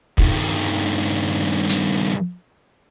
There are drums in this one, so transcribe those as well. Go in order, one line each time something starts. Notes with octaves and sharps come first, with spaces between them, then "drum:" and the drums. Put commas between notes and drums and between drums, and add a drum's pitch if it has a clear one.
G2 D#3, drum: kick
drum: hi-hat